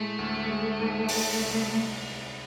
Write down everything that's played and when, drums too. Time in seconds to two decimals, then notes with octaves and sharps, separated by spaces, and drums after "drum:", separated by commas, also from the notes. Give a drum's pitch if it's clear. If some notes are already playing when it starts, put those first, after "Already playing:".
Already playing: A2 G#3 A3
0.19 D2
0.49 G#3
0.80 G#2
1.09 G#3, drum: open hi-hat
1.39 C2